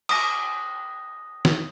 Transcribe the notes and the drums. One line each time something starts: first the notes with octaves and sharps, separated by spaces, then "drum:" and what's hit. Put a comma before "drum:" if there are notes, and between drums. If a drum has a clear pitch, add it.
D#6 A#6, drum: cymbal
drum: snare